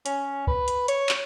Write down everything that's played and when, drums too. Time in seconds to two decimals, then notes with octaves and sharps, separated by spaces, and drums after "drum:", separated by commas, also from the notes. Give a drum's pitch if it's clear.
0.06 C#4, drum: hi-hat
0.47 B4, drum: kick
0.68 drum: hi-hat
0.88 C#5, drum: hi-hat
1.09 drum: clap